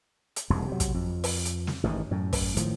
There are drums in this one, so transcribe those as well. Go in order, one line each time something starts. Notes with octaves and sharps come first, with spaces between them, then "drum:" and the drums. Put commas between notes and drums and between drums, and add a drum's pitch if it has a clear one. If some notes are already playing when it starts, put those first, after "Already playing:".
drum: hi-hat
E1 C2 F2 G#2
C3 F#3
drum: kick, hi-hat
F2
drum: open hi-hat
drum: hi-hat
drum: snare
A1 G#2 D#3 E3
F#2 A2
drum: kick, open hi-hat
A2 D#3 F3, drum: hi-hat